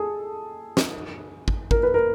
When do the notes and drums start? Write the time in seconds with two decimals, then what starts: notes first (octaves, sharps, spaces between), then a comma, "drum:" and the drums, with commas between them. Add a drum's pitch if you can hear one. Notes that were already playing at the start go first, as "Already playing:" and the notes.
Already playing: G#4 A4
0.77 drum: snare
1.48 drum: kick
1.71 A#4, drum: kick
1.83 B4
1.94 A#4